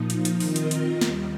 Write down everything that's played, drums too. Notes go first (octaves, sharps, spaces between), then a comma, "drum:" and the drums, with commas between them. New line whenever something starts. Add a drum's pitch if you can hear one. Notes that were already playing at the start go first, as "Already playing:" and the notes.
Already playing: A#2 F3 D#4
drum: hi-hat
drum: hi-hat
D#3 C4 F4 A#4 D#5, drum: open hi-hat
drum: hi-hat
drum: hi-hat
D#2 D#3 G3, drum: snare